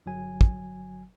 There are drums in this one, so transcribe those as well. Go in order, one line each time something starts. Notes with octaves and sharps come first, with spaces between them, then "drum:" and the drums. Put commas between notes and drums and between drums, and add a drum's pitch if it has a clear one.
G1 F#3 G#5
drum: kick